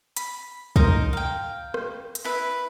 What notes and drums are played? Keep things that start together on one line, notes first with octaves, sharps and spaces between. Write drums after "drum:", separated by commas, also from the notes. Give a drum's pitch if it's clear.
B5, drum: hi-hat
D#4 A#4 C5, drum: kick
F5 G5
drum: rim click
drum: hi-hat
E4 B4 E5